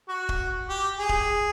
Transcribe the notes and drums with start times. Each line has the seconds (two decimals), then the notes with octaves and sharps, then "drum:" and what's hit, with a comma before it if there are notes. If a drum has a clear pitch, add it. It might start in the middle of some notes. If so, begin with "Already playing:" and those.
0.08 F#4
0.29 drum: kick D#1
0.69 G4
0.99 G#4
1.09 drum: kick D#1